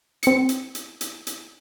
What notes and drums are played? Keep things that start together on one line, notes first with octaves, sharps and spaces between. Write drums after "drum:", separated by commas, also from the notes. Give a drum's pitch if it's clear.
C4 C#7, drum: hi-hat
drum: hi-hat
drum: hi-hat
drum: hi-hat
drum: hi-hat